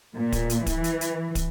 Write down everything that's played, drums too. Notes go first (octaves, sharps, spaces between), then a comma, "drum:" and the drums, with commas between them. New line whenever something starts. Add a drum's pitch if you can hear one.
A#2
drum: kick, hi-hat
drum: hi-hat
E3, drum: kick, hi-hat
drum: hi-hat
drum: hi-hat
drum: kick, hi-hat